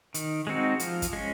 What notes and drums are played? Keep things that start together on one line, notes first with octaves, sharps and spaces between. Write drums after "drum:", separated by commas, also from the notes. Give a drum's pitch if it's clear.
D#3, drum: hi-hat
G#3 C4 D#4 F#4
F3, drum: hi-hat
drum: kick, hi-hat
G#3 C#4